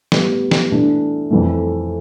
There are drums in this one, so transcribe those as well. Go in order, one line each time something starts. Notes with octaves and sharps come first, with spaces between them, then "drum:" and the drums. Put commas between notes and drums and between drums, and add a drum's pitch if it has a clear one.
A2 G3 B3, drum: snare
drum: snare
E3 A3 D4
F2 E3 A3